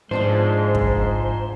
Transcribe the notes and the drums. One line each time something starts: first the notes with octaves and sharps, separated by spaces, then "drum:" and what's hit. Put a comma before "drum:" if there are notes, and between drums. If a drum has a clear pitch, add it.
G#2 F3 G#3 D4 F4 C5
drum: kick